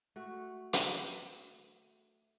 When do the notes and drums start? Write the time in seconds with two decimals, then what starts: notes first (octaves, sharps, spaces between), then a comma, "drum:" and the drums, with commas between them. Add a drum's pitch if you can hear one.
0.16 A3 F#4
0.73 drum: hi-hat